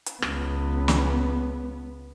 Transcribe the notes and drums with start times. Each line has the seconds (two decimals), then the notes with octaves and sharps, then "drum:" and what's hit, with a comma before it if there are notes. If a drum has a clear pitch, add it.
0.06 drum: hi-hat
0.22 C#2 B3, drum: rim click
0.88 drum: snare